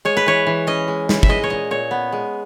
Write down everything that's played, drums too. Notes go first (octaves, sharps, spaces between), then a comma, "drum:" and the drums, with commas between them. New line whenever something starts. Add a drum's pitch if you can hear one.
G#3 C#5
B4
E3 C#5
E3
C#4 D#5
G#3
E3, drum: snare
E5, drum: kick
G#3 D#5
C#5
A#2 D#5
A#2 C#5
B3
G#3